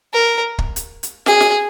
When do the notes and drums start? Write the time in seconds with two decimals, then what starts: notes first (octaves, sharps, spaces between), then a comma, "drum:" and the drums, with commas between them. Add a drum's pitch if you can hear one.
0.13 A#4
0.58 drum: kick
0.76 drum: hi-hat
1.03 drum: hi-hat
1.26 G#4, drum: snare
1.40 drum: snare